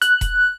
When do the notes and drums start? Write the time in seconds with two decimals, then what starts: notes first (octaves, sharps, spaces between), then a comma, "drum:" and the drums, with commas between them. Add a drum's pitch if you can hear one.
0.02 F#6, drum: hi-hat
0.21 drum: kick E1, hi-hat